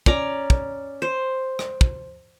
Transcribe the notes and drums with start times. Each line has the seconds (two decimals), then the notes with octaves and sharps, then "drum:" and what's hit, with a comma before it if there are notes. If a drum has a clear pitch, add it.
0.06 C#4 D5 A#5, drum: kick
0.50 drum: kick
1.02 C5
1.59 drum: rim click
1.81 drum: kick